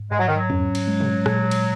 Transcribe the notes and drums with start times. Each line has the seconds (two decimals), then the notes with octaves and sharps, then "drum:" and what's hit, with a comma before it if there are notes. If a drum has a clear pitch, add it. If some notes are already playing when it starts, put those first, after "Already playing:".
Already playing: G#2
0.11 G#2 G#3
0.19 F#3
0.27 D#3
0.36 F#3
0.50 C#4, drum: tom E2
0.75 drum: cymbal
0.88 G#3
1.00 drum: tom A#2
1.26 A#2, drum: rim click
1.51 drum: cymbal